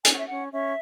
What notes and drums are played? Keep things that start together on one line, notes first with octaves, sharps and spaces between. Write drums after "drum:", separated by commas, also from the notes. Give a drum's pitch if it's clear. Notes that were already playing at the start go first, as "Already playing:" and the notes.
C#4 G#5, drum: hi-hat
F#5
E5
C#4 F#5
C#4 E5